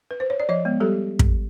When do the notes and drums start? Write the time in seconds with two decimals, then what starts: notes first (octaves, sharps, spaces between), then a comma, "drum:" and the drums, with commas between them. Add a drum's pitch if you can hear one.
0.11 B4
0.20 C5
0.30 C#5
0.40 D5
0.49 F3 C#5 D#5
0.65 G#3 B3
0.80 G3 G4 A4
1.19 drum: kick